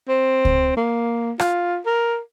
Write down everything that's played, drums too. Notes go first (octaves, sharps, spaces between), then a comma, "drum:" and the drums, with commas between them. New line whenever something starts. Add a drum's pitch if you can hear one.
C4
drum: kick C#2
A#3
F4, drum: rim click
A#4